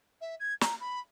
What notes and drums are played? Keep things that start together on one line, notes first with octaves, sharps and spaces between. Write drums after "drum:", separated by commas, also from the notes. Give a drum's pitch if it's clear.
E5
G#6
A#5, drum: snare
B5